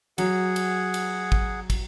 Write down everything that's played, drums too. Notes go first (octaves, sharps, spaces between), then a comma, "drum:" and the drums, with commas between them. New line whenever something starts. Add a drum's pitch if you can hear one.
F#3 G#4 F#5, drum: cymbal
drum: cymbal
drum: cymbal
drum: kick
drum: kick, cymbal